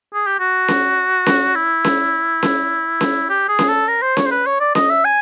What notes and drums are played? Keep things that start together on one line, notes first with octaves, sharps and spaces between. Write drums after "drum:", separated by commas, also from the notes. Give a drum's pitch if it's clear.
G#4
G4
F#4
drum: snare C#4
drum: snare C#4
E4
drum: snare C#4
drum: snare C#4
drum: snare C#4
G4
G#4
drum: snare C#4
A4
A#4
C5
C#5, drum: snare C#4
C5
B4
C#5
D5
D#5, drum: snare C#4
E5
G#5